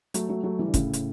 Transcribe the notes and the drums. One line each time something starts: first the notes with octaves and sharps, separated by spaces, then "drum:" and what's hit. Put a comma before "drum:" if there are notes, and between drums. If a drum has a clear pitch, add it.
F#3 A3, drum: hi-hat
F#3 A3
F#3 A3
E3 G3
D3
A2 C#3, drum: kick, hi-hat
drum: hi-hat